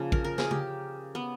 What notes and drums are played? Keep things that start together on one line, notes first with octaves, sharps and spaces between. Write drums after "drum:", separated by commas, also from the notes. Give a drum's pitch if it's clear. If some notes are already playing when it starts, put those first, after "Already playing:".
Already playing: C#3 F3 A#3
A#4, drum: kick
A#4
G#4, drum: snare
G4, drum: tom
B3